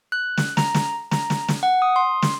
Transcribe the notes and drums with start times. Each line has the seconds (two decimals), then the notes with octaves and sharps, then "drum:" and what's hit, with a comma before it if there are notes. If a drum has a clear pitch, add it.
0.12 F#6
0.37 drum: snare
0.57 A#5, drum: snare
0.74 drum: snare
1.11 A#5, drum: snare
1.30 drum: snare
1.48 drum: snare
1.63 F#5
1.82 D#6
1.96 C6
2.22 drum: snare